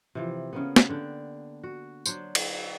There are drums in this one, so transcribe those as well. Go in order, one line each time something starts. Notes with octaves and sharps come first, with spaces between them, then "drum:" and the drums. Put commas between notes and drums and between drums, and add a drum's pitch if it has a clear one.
C3 E3 F3
C#3 A#3 B3
drum: snare
D3 D4 G4
F#4
F#3 D4 C5, drum: tambourine
drum: cymbal